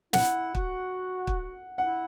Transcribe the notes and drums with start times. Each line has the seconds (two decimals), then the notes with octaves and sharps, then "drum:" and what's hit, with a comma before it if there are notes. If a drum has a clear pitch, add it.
0.13 E4 F#5, drum: snare
0.55 F#4, drum: kick
1.27 drum: kick
1.78 E4 F#5